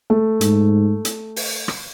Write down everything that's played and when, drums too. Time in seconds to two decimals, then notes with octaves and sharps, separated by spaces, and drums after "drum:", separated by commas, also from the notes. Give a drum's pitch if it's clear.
0.10 A3
0.41 G#2, drum: hi-hat
1.05 drum: hi-hat
1.36 drum: open hi-hat
1.68 drum: rim click